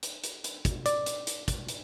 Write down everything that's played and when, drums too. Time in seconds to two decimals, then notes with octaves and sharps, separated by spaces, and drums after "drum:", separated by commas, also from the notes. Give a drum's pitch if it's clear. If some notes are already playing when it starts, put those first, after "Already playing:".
0.03 drum: hi-hat
0.24 drum: hi-hat
0.44 drum: hi-hat
0.65 drum: kick, hi-hat
0.86 D5, drum: hi-hat
1.06 drum: hi-hat
1.27 drum: hi-hat
1.48 drum: kick, hi-hat
1.69 drum: hi-hat